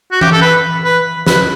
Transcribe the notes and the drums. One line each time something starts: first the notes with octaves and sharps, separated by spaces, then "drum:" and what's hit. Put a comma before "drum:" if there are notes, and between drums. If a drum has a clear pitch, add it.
F#4
G4, drum: tom E3
A4
B4
B4
B4, drum: snare